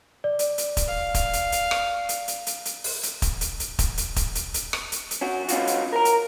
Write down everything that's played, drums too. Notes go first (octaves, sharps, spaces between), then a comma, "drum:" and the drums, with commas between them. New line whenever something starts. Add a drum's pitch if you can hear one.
D5
drum: hi-hat
drum: hi-hat
drum: kick, hi-hat
F5
drum: kick, hi-hat
drum: hi-hat
drum: hi-hat
drum: rim click
drum: hi-hat
drum: hi-hat
drum: hi-hat
drum: hi-hat
drum: open hi-hat
drum: hi-hat
drum: kick, hi-hat
drum: hi-hat
drum: hi-hat
drum: kick, hi-hat
drum: hi-hat
drum: kick, hi-hat
drum: hi-hat
drum: hi-hat
drum: rim click
drum: hi-hat
drum: hi-hat
C#4 F#4
C#4 F4 F#4, drum: hi-hat
drum: hi-hat
A#4 A#5
drum: hi-hat